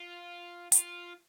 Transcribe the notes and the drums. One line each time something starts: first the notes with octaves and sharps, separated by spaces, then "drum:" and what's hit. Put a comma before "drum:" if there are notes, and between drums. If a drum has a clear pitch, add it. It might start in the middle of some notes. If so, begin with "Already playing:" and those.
Already playing: F4
G4, drum: hi-hat
F4